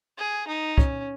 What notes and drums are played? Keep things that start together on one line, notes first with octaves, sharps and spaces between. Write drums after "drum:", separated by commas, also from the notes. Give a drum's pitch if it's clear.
G#4
D#4
C#4, drum: kick